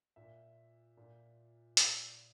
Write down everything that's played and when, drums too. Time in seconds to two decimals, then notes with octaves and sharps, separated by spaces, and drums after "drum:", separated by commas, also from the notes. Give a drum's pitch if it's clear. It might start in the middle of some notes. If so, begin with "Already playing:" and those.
0.16 A#2 E5
0.97 A#2
1.77 A#2, drum: hi-hat